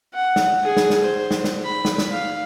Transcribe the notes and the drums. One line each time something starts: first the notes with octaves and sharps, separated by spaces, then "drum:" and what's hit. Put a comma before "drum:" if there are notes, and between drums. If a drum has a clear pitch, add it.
F#5
drum: snare
G#4
drum: snare
drum: snare
C5
drum: snare
drum: snare
B5
drum: snare
drum: snare
F5